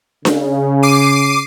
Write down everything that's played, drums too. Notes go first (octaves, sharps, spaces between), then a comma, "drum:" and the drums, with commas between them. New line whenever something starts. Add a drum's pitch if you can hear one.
C#3, drum: snare D4
D6 C7 D#7